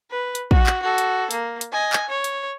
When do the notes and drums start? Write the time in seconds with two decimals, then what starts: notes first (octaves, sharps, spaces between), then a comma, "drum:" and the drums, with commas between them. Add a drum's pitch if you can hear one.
0.11 B4
0.35 drum: hi-hat
0.51 F#4, drum: kick
0.67 drum: clap
0.82 F#4 A4
0.98 drum: hi-hat
1.31 A#3, drum: hi-hat
1.61 drum: hi-hat
1.72 D#5 G#5
1.93 drum: clap
2.09 C#5
2.24 drum: hi-hat